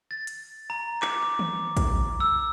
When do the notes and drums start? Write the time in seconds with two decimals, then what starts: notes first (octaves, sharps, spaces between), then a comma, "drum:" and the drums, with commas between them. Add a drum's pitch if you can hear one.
0.11 A6
0.27 drum: hi-hat
0.70 A#5
1.02 D6, drum: clap
1.22 D6
1.39 drum: tom D#3
1.77 drum: kick, hi-hat
2.20 E6